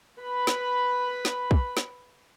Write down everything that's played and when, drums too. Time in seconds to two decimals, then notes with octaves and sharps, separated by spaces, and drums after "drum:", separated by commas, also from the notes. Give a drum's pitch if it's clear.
0.21 B4 B5
0.47 drum: snare
1.25 drum: snare
1.51 drum: kick
1.77 drum: snare